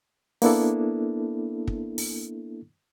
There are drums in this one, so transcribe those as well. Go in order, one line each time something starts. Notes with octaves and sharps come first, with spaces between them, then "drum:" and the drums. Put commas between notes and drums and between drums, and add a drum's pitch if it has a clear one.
A#3 B3 D4 E4 A4, drum: open hi-hat
drum: kick
drum: open hi-hat